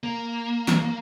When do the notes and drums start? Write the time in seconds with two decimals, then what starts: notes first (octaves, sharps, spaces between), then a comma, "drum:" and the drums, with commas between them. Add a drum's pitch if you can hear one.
0.04 A#3
0.68 drum: snare